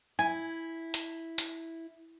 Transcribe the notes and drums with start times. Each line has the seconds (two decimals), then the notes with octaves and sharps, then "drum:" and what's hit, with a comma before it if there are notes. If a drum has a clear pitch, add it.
0.19 E4 G#5
0.94 drum: hi-hat
1.38 drum: hi-hat